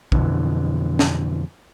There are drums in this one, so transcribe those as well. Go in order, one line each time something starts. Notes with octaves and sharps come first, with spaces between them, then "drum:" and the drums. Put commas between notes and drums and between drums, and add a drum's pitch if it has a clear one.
F2 B2 D3 E3, drum: kick
drum: snare